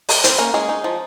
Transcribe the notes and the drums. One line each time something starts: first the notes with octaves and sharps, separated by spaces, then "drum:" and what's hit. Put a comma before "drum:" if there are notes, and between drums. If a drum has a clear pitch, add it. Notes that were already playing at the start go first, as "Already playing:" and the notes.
G3, drum: open hi-hat
G3 C4 C5, drum: hi-hat
A#3 C#4 A#4
G#3 C#4 G#4
D#4
F3